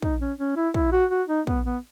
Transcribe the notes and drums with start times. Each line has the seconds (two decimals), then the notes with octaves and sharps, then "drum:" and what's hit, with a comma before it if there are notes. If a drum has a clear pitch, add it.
0.02 D#4, drum: kick
0.20 C#4
0.39 C#4
0.56 E4
0.74 E4, drum: kick
0.92 F#4
1.10 F#4
1.28 D#4
1.47 B3, drum: kick
1.65 B3